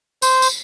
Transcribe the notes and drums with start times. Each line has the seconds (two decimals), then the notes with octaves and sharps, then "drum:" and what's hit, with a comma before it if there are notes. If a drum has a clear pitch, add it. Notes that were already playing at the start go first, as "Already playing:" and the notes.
0.22 C5, drum: tambourine
0.42 drum: tambourine